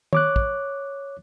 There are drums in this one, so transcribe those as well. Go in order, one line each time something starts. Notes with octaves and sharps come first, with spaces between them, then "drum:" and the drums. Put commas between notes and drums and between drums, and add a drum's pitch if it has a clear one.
C#5 D6 F#6, drum: tom D#3
drum: kick